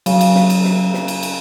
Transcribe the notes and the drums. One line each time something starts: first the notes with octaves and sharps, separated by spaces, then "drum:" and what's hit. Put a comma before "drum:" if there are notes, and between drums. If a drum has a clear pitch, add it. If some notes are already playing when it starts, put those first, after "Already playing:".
C#3 F#3 A#4, drum: cymbal
drum: cymbal
drum: snare
drum: cymbal
drum: snare
drum: snare
drum: cymbal
drum: cymbal